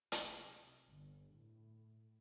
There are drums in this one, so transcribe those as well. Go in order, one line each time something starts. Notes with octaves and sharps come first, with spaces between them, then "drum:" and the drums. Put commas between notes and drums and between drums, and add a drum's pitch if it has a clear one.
C3, drum: hi-hat
G1
A2